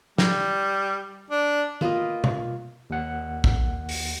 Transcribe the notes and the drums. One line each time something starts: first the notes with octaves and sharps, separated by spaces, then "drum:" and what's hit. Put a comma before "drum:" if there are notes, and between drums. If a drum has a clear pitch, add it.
G3, drum: snare
D4
A#3 F4 B4 D#5, drum: tom
drum: tom B2
D#2 F#5
drum: kick
drum: open hi-hat